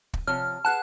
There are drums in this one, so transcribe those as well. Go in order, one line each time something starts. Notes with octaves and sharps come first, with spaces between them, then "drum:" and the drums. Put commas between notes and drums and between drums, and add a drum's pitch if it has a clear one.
drum: kick
C3 F3 C#5 F6
G#4 B4 F#5 A5 F#6